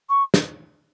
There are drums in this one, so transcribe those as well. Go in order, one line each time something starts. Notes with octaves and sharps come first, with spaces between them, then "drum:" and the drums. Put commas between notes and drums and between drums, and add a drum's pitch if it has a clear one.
C#6
drum: snare